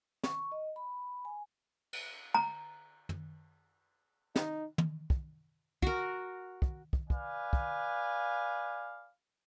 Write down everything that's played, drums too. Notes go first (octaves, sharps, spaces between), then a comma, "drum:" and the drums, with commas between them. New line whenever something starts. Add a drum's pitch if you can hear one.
C#6, drum: snare
D#5
B5
G#5
drum: cymbal
A#5
drum: tom
D#4, drum: snare
drum: tom
drum: kick
F#4 A#4, drum: kick
drum: kick
drum: kick
B4 D5 F5 G#5, drum: kick
drum: kick